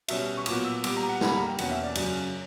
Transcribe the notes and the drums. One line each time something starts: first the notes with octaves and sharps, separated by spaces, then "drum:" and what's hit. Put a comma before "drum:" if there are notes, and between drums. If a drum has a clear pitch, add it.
B2 G3 C#4 E5, drum: cymbal
C#6
A#2 F#3 B3 D6, drum: cymbal
E6
A#2 G3 B3 D6, drum: cymbal
A#5
F#5
G2 D3 G3 A#3 B5, drum: snare
A#5
G5
E2 B2 A#3 C#4 F#5, drum: cymbal
E5
D5
F#2 C#3 F#3 C#4, drum: cymbal